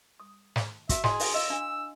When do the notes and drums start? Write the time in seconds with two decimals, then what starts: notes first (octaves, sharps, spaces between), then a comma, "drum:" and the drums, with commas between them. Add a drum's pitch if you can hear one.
0.20 D#6
0.56 drum: snare
0.89 F#4 E5, drum: kick, hi-hat
1.04 E4 G#4 D#5 C6, drum: snare
1.20 drum: open hi-hat
1.34 D#5 F5 E6
1.50 D4 F5 G#5